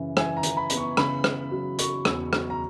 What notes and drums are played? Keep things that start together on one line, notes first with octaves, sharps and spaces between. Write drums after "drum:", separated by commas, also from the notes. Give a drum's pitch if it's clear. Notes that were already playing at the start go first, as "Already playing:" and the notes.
Already playing: F#2 C#3 E3
E3 G#5, drum: rim click
A#5
E3, drum: hi-hat
B5
B3, drum: hi-hat
C#6
C#3 B5, drum: rim click
C#3, drum: rim click
F#3
F#3 C#6, drum: hi-hat
E2, drum: rim click
F#3, drum: rim click
A#5